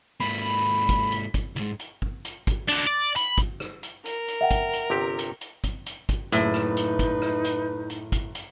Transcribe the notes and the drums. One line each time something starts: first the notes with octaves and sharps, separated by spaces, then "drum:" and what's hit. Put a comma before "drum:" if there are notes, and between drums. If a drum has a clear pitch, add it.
G#2 A#3 B5
drum: kick, hi-hat
drum: hi-hat
drum: kick, hi-hat
C#2 G#2, drum: hi-hat
drum: hi-hat
drum: kick
drum: hi-hat
drum: kick, hi-hat
D4 F#4, drum: hi-hat
D5
B5, drum: hi-hat
drum: kick, hi-hat
drum: rim click
drum: hi-hat
A#4, drum: hi-hat
drum: hi-hat
E5 F#5 G5
drum: kick, hi-hat
drum: hi-hat
G1 C3 G4
drum: hi-hat
drum: hi-hat
drum: kick, hi-hat
drum: hi-hat
drum: kick, hi-hat
F#1 A2 D#4 B4 E5, drum: hi-hat
drum: rim click
drum: hi-hat
drum: kick, hi-hat
drum: rim click
drum: hi-hat
drum: hi-hat
drum: kick, hi-hat
drum: hi-hat